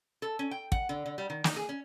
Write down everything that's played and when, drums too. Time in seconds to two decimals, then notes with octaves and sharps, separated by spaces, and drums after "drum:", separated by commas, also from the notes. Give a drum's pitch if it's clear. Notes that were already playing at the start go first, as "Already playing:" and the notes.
0.22 A4
0.39 C#4
0.51 G5
0.72 F#5, drum: kick
0.89 D3
1.06 D3
1.18 G3
1.30 D#3
1.44 D#4, drum: snare
1.56 G#4
1.69 C#4